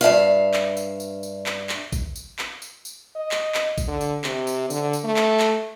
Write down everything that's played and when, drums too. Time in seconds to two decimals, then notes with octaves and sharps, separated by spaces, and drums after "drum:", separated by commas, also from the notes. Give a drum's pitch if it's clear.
0.01 G2 C3 E5 F5
0.54 drum: clap
0.77 drum: tambourine
1.00 drum: tambourine
1.23 drum: tambourine
1.46 drum: clap
1.69 drum: clap
1.92 drum: kick A1, tambourine
2.16 drum: tambourine
2.39 drum: clap
2.62 drum: tambourine
2.85 drum: tambourine
3.16 D#5
3.31 drum: clap
3.54 drum: clap
3.78 drum: kick A1, tambourine
3.87 D3
4.01 drum: tambourine
4.24 C3, drum: clap
4.47 drum: tambourine
4.70 D3, drum: tambourine
4.93 drum: tambourine
5.04 A3
5.16 drum: clap
5.40 drum: clap